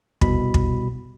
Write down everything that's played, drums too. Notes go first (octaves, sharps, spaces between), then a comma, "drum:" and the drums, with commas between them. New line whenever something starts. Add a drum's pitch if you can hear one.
C2 B2 B5, drum: kick
drum: kick